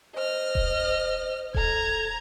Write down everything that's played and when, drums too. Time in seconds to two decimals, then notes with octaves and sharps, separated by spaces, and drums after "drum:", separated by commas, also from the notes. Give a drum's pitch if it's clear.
0.16 C5 D#5 F6
0.55 drum: kick D#1
1.54 A4 A#5 G#6, drum: kick D#1